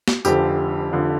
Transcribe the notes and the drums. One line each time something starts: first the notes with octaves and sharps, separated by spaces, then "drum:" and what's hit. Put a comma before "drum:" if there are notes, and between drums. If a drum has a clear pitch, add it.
drum: snare
F1 F2 D3 F3 G4, drum: tambourine
F1 F2 D3 F3